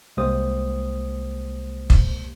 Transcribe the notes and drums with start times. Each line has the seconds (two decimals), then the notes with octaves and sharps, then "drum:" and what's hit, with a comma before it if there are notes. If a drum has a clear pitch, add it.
0.17 C2 G#3 A#3 G4 C5 D#6
1.90 drum: kick